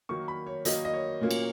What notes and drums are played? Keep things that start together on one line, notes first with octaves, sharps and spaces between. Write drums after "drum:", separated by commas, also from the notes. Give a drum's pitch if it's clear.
D#3 F#3 A#3 C#6
B5
C#5
D#3 F#3 A#3 D#5, drum: hi-hat
D#5
C#5
A#2 F#3 A#3 C#4
drum: cymbal